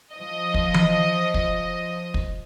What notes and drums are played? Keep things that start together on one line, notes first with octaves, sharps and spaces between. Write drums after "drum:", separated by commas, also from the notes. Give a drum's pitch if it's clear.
F3 D#5
drum: kick
drum: tom E3
drum: kick
drum: kick